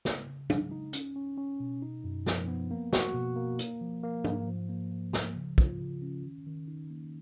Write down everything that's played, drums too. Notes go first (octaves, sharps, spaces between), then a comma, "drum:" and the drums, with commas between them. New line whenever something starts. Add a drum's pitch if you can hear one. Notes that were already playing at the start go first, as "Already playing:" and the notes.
C#3, drum: snare
C#3
G#3, drum: tom
D#4
C#4, drum: hi-hat
C#4
C#4
B2
D#4
F#2
F3, drum: snare
B3
A#3
F#4, drum: snare
B2
A#3
A#3, drum: hi-hat
F3
A#3
G#2, drum: tom
F3
A#3
F3
F3, drum: snare
C#3
F4, drum: kick
C#3
C#4
D#3
D#3
D#4
A#3